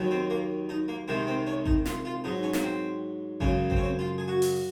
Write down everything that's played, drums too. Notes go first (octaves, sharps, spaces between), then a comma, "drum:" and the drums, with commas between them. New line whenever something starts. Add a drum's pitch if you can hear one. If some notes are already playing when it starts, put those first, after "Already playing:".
Already playing: D#2 D#3 F#3
C4
A#3
D#4
A#3
C2 C3 D#3 G#3 C4
C4
C#4
D#4, drum: kick G#1
F4, drum: snare
F4
G#2 F#3 D#4
C#4
A#3, drum: snare
C4
F#2 C#3 G#3 C#4, drum: kick G#1
C4, drum: kick G#1
C#4
C4
F4
G#4
F#4
drum: open hi-hat